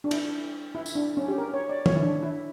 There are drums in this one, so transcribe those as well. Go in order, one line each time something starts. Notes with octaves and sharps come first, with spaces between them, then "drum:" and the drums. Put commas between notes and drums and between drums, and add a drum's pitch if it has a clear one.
D4
E4, drum: cymbal
E4
drum: tambourine
D4
C#4
G4
A#4
C#5
D5
C#5, drum: tom
E4
D4
E4